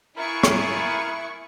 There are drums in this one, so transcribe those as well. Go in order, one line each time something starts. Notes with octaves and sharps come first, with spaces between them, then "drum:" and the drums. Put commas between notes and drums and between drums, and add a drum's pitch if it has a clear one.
B3 E4 F4 G#4 A#4 B5 C#6
drum: rim click